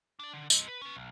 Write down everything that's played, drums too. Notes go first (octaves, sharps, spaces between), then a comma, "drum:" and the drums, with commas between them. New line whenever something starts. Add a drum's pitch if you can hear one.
D4 D5
D3
C4 D#5, drum: tambourine
B4
C#4 B4
B1